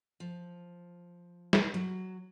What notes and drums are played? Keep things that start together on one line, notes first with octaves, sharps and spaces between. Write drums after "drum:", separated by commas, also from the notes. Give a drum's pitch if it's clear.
F3
drum: snare
F#3